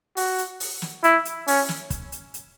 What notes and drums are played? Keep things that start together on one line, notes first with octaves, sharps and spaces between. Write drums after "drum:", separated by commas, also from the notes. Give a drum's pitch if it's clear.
F#4, drum: open hi-hat
drum: hi-hat
drum: open hi-hat
drum: snare
E4, drum: hi-hat
drum: hi-hat
C#4, drum: open hi-hat
drum: snare
drum: kick, hi-hat
drum: hi-hat
drum: hi-hat